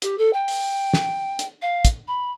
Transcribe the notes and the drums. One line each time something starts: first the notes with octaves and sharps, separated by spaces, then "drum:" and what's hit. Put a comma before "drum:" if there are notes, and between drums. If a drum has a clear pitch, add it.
G4, drum: hi-hat
A4
G5
drum: open hi-hat
drum: snare
drum: hi-hat
F5
drum: kick, hi-hat
B5